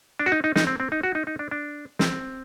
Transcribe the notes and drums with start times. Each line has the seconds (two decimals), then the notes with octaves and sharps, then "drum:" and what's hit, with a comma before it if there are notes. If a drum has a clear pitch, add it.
0.19 D4
0.26 F#4
0.32 D#4
0.44 D#4
0.56 D#4, drum: snare
0.67 C4
0.80 C4
0.92 D#4
1.03 F#4
1.15 D#4
1.27 D#4
1.39 D4
1.51 D4
1.99 C4, drum: snare